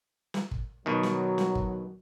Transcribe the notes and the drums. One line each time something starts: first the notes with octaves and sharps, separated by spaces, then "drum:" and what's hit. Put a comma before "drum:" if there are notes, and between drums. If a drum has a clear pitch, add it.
drum: snare
drum: kick
B2 D#3 F#3
drum: snare
drum: snare
drum: kick